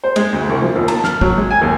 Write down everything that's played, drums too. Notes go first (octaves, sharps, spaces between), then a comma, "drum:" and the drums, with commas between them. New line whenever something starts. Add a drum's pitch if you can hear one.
C5
G#3, drum: cymbal
D2
C2
F3
D#2
A5, drum: cymbal
F6, drum: snare
F#3, drum: kick
G#3
G#5
D#2